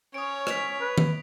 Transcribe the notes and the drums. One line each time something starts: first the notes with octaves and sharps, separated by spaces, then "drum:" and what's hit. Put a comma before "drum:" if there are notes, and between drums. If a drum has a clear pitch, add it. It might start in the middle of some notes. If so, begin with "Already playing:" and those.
C#4 C#5 D#6 D7
B6 F7, drum: rim click
B4
drum: tom D#3